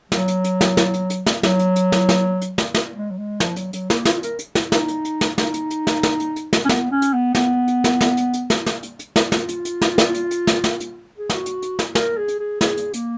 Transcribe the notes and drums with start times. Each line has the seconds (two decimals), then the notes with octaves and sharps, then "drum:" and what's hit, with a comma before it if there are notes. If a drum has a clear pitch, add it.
0.12 F#3, drum: snare
0.28 drum: hi-hat
0.44 drum: hi-hat
0.61 drum: snare
0.77 drum: snare
0.94 drum: hi-hat
1.10 drum: hi-hat
1.26 drum: snare
1.43 F#3, drum: snare
1.59 drum: hi-hat
1.76 drum: hi-hat
1.92 drum: snare
2.09 drum: snare
2.42 drum: hi-hat
2.58 drum: snare
2.74 drum: snare
2.97 G#3
3.11 F#3
3.18 G#3
3.40 F3, drum: snare
3.56 F#3, drum: hi-hat
3.73 F#3, drum: hi-hat
3.90 A#3, drum: snare
4.05 F4, drum: snare
4.23 A#4, drum: hi-hat
4.39 drum: hi-hat
4.55 drum: snare
4.72 D#4, drum: snare
4.88 drum: hi-hat
5.05 drum: hi-hat
5.21 drum: snare
5.38 D#4, drum: snare
5.54 drum: hi-hat
5.70 drum: hi-hat
5.87 drum: snare
6.03 drum: snare
6.20 drum: hi-hat
6.36 drum: hi-hat
6.53 drum: snare
6.65 C#4
6.69 B3, drum: snare
6.91 C#4
7.02 drum: hi-hat
7.14 B3
7.35 B3, drum: snare
7.68 drum: hi-hat
7.84 drum: snare
8.01 drum: snare
8.17 drum: hi-hat
8.34 drum: hi-hat
8.50 drum: snare
8.66 drum: snare
8.83 drum: hi-hat
8.99 drum: hi-hat
9.16 drum: snare
9.32 F4, drum: snare
9.49 drum: hi-hat
9.65 drum: hi-hat
9.82 drum: snare
9.98 drum: snare
10.14 drum: hi-hat
10.31 drum: hi-hat
10.47 drum: snare
10.64 drum: snare
10.80 drum: hi-hat
11.18 G#4
11.30 F#4, drum: snare
11.46 drum: hi-hat
11.62 drum: hi-hat
11.79 drum: snare
11.95 A#4, drum: snare
12.17 G#4
12.28 drum: hi-hat
12.39 G#4
12.61 G#4, drum: snare
12.77 drum: hi-hat
12.94 A#3, drum: hi-hat